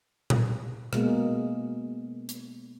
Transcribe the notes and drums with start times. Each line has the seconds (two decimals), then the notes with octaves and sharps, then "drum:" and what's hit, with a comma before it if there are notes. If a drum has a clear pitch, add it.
0.30 drum: tom A#2
0.93 B2 G#3 A#3, drum: rim click
2.29 drum: hi-hat